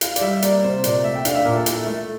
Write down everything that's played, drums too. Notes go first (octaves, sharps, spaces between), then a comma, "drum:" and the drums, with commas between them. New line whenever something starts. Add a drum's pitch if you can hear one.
E4 F5, drum: hi-hat
D5, drum: hi-hat
G3 E5
A#3 D5, drum: hi-hat
C3 C5
A#2 D5, drum: hi-hat
A3 E5
G5
D4 F5, drum: hi-hat
E5
A#2 A#4
A4
E4, drum: hi-hat
A3